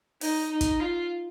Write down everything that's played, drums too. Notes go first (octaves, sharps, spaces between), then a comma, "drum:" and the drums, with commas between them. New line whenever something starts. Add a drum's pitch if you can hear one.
D#4, drum: open hi-hat
D#4
drum: kick, hi-hat
F4